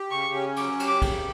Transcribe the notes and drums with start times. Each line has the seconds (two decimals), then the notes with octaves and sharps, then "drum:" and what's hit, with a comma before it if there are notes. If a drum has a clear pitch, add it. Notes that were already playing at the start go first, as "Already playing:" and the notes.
Already playing: G4
0.11 C#3 C#6
0.34 C#4
0.56 F#3 D6, drum: cymbal
0.79 G4, drum: cymbal
0.87 D6
1.02 C#3, drum: kick, cymbal